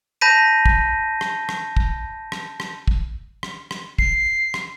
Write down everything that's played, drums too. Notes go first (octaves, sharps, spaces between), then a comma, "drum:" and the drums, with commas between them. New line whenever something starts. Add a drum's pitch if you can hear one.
A5 B5 G6 A#6 B6 D#7
drum: kick
drum: rim click
drum: rim click
drum: kick
drum: rim click
drum: rim click
drum: kick
drum: rim click
drum: rim click
C7, drum: kick
drum: rim click